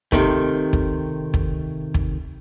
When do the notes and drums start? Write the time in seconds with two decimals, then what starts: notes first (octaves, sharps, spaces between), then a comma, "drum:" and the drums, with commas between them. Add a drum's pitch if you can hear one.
0.12 C3 D#3 A3, drum: kick
0.73 drum: kick
1.34 drum: kick
1.94 drum: kick